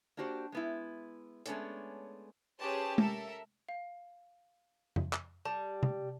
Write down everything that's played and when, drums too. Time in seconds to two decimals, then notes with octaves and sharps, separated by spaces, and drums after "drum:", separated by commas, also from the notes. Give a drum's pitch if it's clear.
0.17 A#3 D4 F#4 G4 C5
0.52 G#3 B3 E4
1.46 G#3 A3 B3 C#4 D4 C#5, drum: hi-hat
2.59 C#4 G4 G#4 B4 C5 A5
2.98 A4 A#4 E5 A5, drum: tom G#3
3.69 F5
4.96 drum: tom F2
5.13 drum: clap
5.45 G3 A5
5.83 drum: tom C3